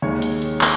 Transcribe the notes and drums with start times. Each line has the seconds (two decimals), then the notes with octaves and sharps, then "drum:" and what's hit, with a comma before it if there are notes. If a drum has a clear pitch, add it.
0.02 D#2 D#3 G#3 C#5
0.22 drum: hi-hat
0.42 drum: hi-hat
0.61 drum: clap